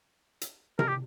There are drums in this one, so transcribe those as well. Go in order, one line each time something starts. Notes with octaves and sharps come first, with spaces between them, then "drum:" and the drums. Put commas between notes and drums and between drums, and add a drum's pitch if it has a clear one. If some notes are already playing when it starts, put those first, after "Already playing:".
drum: hi-hat
A#4, drum: tom C3
G4